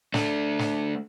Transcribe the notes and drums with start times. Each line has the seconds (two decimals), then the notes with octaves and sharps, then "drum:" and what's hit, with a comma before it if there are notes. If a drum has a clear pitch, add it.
0.14 A3 D4, drum: snare
0.59 drum: snare